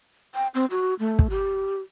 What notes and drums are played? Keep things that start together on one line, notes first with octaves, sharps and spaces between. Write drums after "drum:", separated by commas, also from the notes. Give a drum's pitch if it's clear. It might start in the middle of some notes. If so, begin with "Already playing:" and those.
G5
C4
F#4
A3
drum: kick
G4